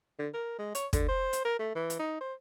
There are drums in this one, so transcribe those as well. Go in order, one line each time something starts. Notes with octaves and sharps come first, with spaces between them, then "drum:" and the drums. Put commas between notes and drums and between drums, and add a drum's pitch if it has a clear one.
D3
A#4
G#3
C#5, drum: hi-hat
D3, drum: kick, hi-hat
C5
drum: hi-hat
A#4
A3
E3
drum: hi-hat
D#4
C5